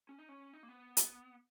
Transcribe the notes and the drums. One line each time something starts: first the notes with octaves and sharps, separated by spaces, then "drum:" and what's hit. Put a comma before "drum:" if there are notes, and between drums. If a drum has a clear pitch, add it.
C#4
D#4
C#4
D#4
A#3
B3
drum: hi-hat